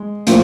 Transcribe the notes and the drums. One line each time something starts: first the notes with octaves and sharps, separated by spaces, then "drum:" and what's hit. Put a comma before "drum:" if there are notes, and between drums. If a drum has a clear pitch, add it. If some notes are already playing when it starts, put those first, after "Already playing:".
Already playing: G#3
A2 F3 A#3, drum: hi-hat